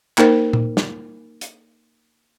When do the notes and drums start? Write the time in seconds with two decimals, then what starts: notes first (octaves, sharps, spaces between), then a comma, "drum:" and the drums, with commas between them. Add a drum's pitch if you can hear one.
0.18 A#3 D#4 A#4 C5, drum: clap
0.53 drum: tom A#2
0.77 drum: snare
1.41 drum: hi-hat